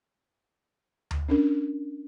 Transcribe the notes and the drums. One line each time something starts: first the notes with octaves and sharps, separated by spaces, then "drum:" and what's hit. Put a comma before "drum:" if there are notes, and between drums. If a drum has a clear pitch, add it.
drum: tom D2
C#4 D4 A#4